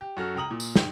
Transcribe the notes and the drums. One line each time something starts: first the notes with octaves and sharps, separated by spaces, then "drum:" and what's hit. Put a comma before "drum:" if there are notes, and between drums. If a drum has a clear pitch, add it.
G4
F#2 F#4 A4 F6
C#2 G5 A#5 D#6 F#7
A#2
drum: tambourine
G4, drum: snare